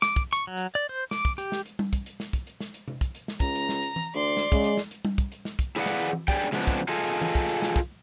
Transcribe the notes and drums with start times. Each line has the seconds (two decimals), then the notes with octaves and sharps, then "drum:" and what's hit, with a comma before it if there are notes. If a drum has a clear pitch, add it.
0.02 D6, drum: snare
0.16 drum: kick, hi-hat
0.33 C#6, drum: hi-hat
0.47 F#3
0.57 drum: hi-hat
0.75 D5
0.89 C5
1.11 D6, drum: snare
1.25 drum: kick, hi-hat
1.38 G4, drum: hi-hat
1.52 drum: snare
1.66 drum: hi-hat
1.79 drum: tom G3
1.93 drum: kick, hi-hat
2.06 drum: hi-hat
2.20 drum: snare
2.33 drum: kick, hi-hat
2.47 drum: hi-hat
2.60 drum: snare
2.74 drum: hi-hat
2.88 drum: tom C3
3.01 drum: kick, hi-hat
3.15 drum: hi-hat
3.28 drum: snare
3.40 C#2 A#5, drum: kick, hi-hat
3.55 drum: hi-hat
3.69 drum: snare
3.83 drum: hi-hat
3.96 drum: tom E3
4.15 D2 D5 C6
4.37 drum: snare
4.52 C#3 G#3, drum: kick, hi-hat
4.64 drum: hi-hat
4.77 drum: snare
4.91 drum: hi-hat
5.05 drum: tom G3
5.18 drum: kick, hi-hat
5.32 drum: hi-hat
5.45 drum: snare
5.59 drum: kick, hi-hat
5.76 E4 G#4 B4 D5 F5 F#5
5.86 drum: snare
6.00 drum: hi-hat
6.13 drum: tom E3
6.28 D4 G#4 D5 G5, drum: kick
6.40 drum: hi-hat
6.53 C#3 F3 G#3 B3 D4, drum: snare
6.67 drum: kick, hi-hat
6.88 F4 G#4 A4 D#5
7.08 drum: hi-hat
7.22 drum: tom E3
7.35 drum: kick, hi-hat
7.49 drum: hi-hat
7.62 drum: snare
7.76 drum: kick, hi-hat